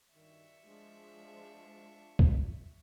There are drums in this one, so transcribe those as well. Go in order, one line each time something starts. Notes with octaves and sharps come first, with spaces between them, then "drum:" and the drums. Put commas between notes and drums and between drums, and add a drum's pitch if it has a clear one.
G2 D#3 F#4 G4 D5 E5 C#6
F3 G#3 D4 F4
drum: kick C2